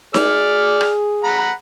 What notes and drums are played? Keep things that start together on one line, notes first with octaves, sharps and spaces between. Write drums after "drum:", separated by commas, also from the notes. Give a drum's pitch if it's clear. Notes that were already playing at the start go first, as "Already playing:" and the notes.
G#4 D5 F6, drum: snare D#4
drum: rim click
F#5 A#5 B5